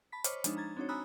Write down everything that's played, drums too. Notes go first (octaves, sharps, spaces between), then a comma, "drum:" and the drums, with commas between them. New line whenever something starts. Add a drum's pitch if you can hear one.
A5 B5 B6
C5 C#5 D#5 C#6 D6 F6, drum: hi-hat
F3 G#3 D4 D#4, drum: hi-hat
A#5 G#6 A6
C4 D4 D#4 F#4 C#5
G#5 A#5 B5 D#6 E6 F#6